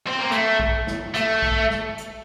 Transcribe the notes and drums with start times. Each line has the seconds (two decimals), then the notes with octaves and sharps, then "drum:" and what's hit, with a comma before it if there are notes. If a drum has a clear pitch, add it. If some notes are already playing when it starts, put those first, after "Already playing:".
0.07 C4
0.19 A#3
0.31 A3, drum: hi-hat
0.60 drum: kick A#1
0.87 drum: snare
1.14 A3, drum: hi-hat
1.43 drum: kick A#1
1.70 drum: snare
1.98 drum: hi-hat